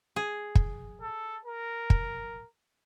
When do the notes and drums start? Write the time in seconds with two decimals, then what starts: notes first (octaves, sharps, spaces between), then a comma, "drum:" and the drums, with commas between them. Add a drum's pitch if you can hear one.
0.16 G#4
0.55 drum: kick
1.02 A4
1.45 A#4
1.90 drum: kick